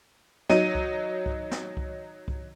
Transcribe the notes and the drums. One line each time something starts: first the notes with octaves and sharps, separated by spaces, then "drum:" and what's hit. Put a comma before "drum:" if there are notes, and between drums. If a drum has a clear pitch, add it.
F#3 D#4 D#7, drum: snare
drum: kick C2
drum: kick C2
drum: snare
drum: kick C2
drum: kick C2